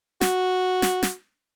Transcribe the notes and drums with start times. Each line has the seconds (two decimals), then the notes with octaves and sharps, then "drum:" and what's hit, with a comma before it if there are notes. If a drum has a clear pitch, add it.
0.21 F#4, drum: snare
0.82 drum: snare
1.03 drum: snare